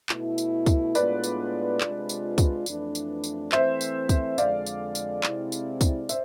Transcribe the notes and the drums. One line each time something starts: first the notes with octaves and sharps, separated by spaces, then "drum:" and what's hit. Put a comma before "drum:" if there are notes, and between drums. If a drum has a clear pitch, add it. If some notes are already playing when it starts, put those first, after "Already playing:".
B2 A3 E4, drum: clap
drum: tambourine
drum: kick, tambourine
A2 G#3 B3 D4 F4 B4 D5, drum: tambourine
drum: tambourine
C3 G#3 D4 F4, drum: clap
drum: tambourine
drum: kick, tambourine
F2 E3 A3 D4, drum: tambourine
drum: tambourine
drum: tambourine
E3 A3 C4 C5 E5, drum: clap
drum: tambourine
drum: kick, tambourine
F2 D3 G#3 D5 F5, drum: tambourine
drum: tambourine
drum: tambourine
C3 G#3 C4 E4, drum: clap
drum: tambourine
drum: kick, tambourine
C5 E5, drum: tambourine